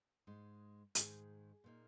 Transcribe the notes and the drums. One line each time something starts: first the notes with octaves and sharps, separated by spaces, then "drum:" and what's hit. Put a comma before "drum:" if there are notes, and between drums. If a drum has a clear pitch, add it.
G#2 G#3 D#4
G#2 D#3 G#3 G#4, drum: hi-hat
A#2 A#3 D#4